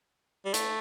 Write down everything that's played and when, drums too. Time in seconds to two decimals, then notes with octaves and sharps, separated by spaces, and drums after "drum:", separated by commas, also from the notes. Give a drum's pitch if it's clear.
0.46 G3
0.54 A3, drum: hi-hat